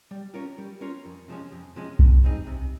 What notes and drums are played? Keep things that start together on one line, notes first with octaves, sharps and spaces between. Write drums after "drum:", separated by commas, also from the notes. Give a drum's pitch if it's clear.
G3
C#4 F4 A#4 C#5
G3
C#4 F4 A#4 C#5
F2
C3 F3 G#3 C#4
F2
C3 F3 G#3 C#4
C3, drum: kick B1
G3 C4 D#4 G#4
C3